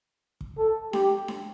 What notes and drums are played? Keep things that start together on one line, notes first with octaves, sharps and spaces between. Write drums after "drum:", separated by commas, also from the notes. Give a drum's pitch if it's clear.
drum: kick
A4
G4, drum: snare D4
drum: snare D4